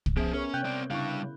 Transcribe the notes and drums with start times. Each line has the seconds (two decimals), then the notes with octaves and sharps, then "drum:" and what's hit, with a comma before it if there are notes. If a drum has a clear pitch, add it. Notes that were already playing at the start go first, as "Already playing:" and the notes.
0.06 drum: kick
0.17 F3 B3 C#4 G#4 E5
0.33 C#4 A#4 C#5
0.54 C3 G5 F#6 G6
0.65 C4 D5
0.90 C#3 G3 D4 E4 F5 C#6